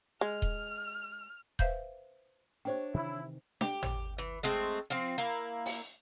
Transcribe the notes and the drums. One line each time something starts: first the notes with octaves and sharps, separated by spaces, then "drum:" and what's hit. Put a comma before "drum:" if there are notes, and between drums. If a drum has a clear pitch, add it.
G#3 F6
drum: kick D#1
B4 C5 E5 F5 G6, drum: kick D#1
D4 G4 C5 C#5 E5 G5
C3 D#3 E3 E4
G4, drum: snare D4
drum: tom
E3
G#3 A3 C4
F3 C4
A#3 E4
drum: open hi-hat